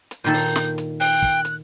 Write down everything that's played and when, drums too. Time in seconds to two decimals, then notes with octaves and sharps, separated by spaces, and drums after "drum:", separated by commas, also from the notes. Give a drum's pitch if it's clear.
0.11 drum: hi-hat
0.24 A#2 D#3 A4 G6
0.33 drum: open hi-hat
0.56 drum: snare
0.78 drum: hi-hat
1.00 G5 F#6, drum: open hi-hat
1.22 drum: kick
1.45 drum: hi-hat